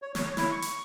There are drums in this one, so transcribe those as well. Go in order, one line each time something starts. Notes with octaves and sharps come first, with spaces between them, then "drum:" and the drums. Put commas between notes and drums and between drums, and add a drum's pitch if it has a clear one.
C#5
C#5, drum: snare
E4, drum: snare
C#6
drum: hi-hat